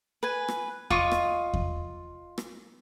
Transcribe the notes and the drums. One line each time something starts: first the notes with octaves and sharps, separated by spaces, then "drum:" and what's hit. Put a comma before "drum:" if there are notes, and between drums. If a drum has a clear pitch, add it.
B4 G#5
drum: rim click
F4 D#5 C#6 D6, drum: kick E2
drum: rim click
drum: kick E2
drum: rim click